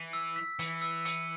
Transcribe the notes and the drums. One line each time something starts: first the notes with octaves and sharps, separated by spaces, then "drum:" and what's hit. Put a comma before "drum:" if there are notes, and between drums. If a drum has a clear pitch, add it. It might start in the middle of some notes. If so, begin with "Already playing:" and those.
Already playing: E3
E6
B6
E3 C#7, drum: hi-hat
E6
C#7, drum: hi-hat